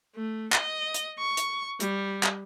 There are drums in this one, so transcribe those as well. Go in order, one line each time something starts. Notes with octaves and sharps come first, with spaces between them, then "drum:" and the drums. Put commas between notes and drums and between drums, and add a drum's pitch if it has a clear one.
A3
D#5, drum: clap
drum: hi-hat
C#6
drum: hi-hat
G3, drum: hi-hat
drum: clap